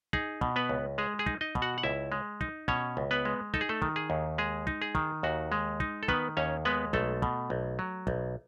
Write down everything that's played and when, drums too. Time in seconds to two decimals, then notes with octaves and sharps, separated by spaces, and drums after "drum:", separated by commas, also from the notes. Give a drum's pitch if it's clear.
0.13 D#4 G#4, drum: kick
0.41 B2, drum: kick
0.56 B3 B4
0.69 C#2
0.98 G#3 G#4
1.19 G#4
1.26 D#4, drum: kick
1.41 D#4 D#5
1.55 B2, drum: kick
1.62 F#4 F#5
1.78 F#5
1.83 C#2 E4 E5
2.12 G#3
2.41 D#4, drum: kick
2.68 B2 C#4 C#5, drum: kick
2.97 C#2
3.11 B3 B4
3.25 G#3
3.54 D#4 A4, drum: kick
3.61 G#4
3.69 A3 A4
3.82 D#3, drum: kick
3.96 G#4
4.10 D#2
4.38 G#3 G#4
4.67 D#4, drum: kick
4.82 G#4
4.95 D#3, drum: kick
5.23 D#2 F#4
5.52 G#3
5.80 D#4, drum: kick
6.03 A4
6.08 D#3 B3 B4, drum: kick
6.37 D#2 C#4 C#5
6.65 G#3 B3 B4
6.93 B1 A3 A4, drum: kick
7.22 B2, drum: kick
7.50 B1
7.79 F#3
8.07 B1, drum: kick